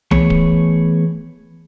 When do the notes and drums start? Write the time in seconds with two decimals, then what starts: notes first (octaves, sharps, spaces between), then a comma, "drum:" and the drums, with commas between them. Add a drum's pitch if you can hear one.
0.11 E3 A3 B3 G#4 C#5, drum: tom C2
0.30 drum: kick D1